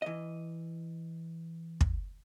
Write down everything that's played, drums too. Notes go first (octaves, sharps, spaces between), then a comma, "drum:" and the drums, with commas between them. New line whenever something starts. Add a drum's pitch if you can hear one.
E3 D#5
drum: kick